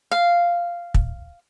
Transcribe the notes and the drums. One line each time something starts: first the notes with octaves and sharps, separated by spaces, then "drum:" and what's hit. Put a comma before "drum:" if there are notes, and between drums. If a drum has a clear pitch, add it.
F5
drum: kick